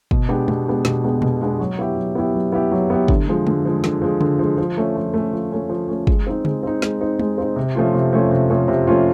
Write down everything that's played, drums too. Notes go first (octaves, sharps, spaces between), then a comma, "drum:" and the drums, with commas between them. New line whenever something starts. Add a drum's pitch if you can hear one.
B2, drum: kick
G#3 B3 D4 G4
B2, drum: tom G#3
G#3 B3 D4 G4
B2, drum: snare
G#3 B3 D4 G4
B2, drum: tom B2
G#3 B3 D4 G4
F#3
B3 E4 G4
F#3
B3 E4 G4
F#3
B3 E4 G4
F#3
B3 E4 G4
D3, drum: kick
F3 G#3
D3, drum: tom G#3
F3 G#3
D3, drum: snare
F3 G#3
D3, drum: tom C#3
F3 G#3
F3
A3 C#4
F3
A3 C#4
F3
A3 C#4
F3
A3 C#4
G#3, drum: kick
C4 D#4
G#3, drum: tom C#3
C4 D#4
G#3, drum: snare
C4 D#4
G#3, drum: tom G#3
C4 D#4
C3
F3 A3 C#4 F4
C3
F3 A3 C#4 F4
C3
F3 A3 C#4 F4
C3
F3 A3 C#4 F4